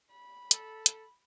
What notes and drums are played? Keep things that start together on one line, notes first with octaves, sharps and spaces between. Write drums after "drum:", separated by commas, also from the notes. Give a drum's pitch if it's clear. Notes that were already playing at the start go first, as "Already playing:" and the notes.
B5
A4, drum: hi-hat
drum: hi-hat